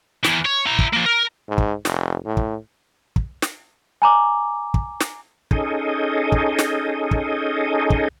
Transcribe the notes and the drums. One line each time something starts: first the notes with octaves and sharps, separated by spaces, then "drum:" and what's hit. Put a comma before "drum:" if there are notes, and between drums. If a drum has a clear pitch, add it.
E2 E3, drum: snare
C#5
E4 A#5
drum: kick
F3 A#3
A#4
G#2
drum: kick
F1, drum: snare
A2
drum: kick
drum: kick
drum: snare
G#5 A#5 D6
drum: kick
drum: snare
C#4 D#4 G#4 A4 D#5, drum: kick
drum: kick
drum: snare
drum: kick
drum: kick